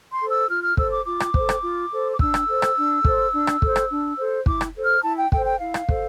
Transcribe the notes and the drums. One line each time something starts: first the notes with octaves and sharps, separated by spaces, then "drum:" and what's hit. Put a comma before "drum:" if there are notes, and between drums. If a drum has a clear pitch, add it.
C6
A4 C5
E6
F4 F6
F6
A4 C5 E6, drum: kick
D6
F4 D6
drum: rim click
A4 C5, drum: kick
drum: rim click
F4
A4 C5
D6
D4 E6, drum: kick
drum: rim click
A4 C5
drum: rim click
D4
A4 C5, drum: kick
D4
drum: rim click
A4 C5, drum: kick
drum: rim click
D4
A4 C5
E4 D6, drum: kick
drum: rim click
A4 C5
F6
E4 A5
G5
A4 C5 G5, drum: kick
G5
E4 F5
drum: rim click
A4 C5, drum: kick